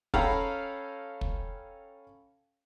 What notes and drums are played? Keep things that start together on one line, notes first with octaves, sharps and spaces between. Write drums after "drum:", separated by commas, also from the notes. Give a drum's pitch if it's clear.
C#4 A4 F5 G5 A#5 B5, drum: kick
drum: kick